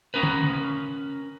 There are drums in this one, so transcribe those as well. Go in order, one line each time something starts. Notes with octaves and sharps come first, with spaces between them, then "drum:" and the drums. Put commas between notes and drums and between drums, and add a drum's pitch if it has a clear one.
C#4 A#4 B4
drum: tom
drum: tom